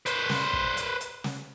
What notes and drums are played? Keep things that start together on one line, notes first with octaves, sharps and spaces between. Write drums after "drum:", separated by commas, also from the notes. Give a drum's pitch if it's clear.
B4 C5, drum: hi-hat
drum: snare
drum: kick
drum: hi-hat
drum: hi-hat
drum: snare